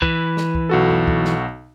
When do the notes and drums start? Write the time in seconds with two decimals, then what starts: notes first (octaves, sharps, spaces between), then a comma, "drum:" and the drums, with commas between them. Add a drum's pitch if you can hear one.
0.02 E3 B4, drum: kick
0.37 drum: snare
0.55 drum: kick
0.69 B1 F#4 A4
0.90 drum: tom E2
1.07 drum: kick
1.25 drum: snare